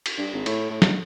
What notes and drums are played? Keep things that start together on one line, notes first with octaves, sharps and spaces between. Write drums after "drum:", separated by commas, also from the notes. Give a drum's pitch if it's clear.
drum: cymbal
G2
G#1
A2, drum: cymbal
A2
G1, drum: snare